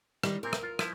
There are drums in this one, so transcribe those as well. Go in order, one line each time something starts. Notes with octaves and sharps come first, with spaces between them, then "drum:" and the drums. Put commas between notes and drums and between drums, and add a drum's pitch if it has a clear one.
D#3 G3 D#4, drum: rim click
A#2 C4 A#4
drum: rim click
F4
F3 E4, drum: rim click